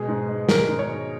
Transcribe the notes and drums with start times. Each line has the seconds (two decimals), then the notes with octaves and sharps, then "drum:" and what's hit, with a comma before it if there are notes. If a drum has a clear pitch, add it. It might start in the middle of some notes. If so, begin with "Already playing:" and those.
Already playing: B2 G#3 G#4
0.08 G#2
0.29 G#3
0.49 D#3 A#4, drum: snare
0.69 G#2
0.79 C#5
0.89 G#3